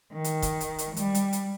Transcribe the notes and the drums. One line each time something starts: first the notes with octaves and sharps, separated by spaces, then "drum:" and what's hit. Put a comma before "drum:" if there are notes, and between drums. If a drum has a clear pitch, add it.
D#3
drum: hi-hat
drum: kick, hi-hat
drum: hi-hat
drum: hi-hat
G3, drum: hi-hat
drum: hi-hat
drum: hi-hat